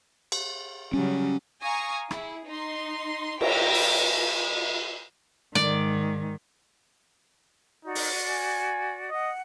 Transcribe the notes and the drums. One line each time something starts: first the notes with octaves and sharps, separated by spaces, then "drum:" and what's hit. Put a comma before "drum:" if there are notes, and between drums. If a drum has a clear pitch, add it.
drum: cymbal
C#3 F#3 G3 C#4
F5 G#5 A#5 C#6 D#6 A#6
E4 G#4, drum: rim click
D#4 C6
C#5 G5 A#5 B6, drum: cymbal
drum: open hi-hat
G#2 D#3 D5, drum: snare
D#4 F#4 D5
drum: open hi-hat
G#5
D#5 F#5